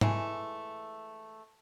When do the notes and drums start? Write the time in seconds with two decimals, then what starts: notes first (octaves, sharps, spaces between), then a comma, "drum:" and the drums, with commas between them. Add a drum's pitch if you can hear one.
0.01 E3 G#3 A3, drum: tom G#2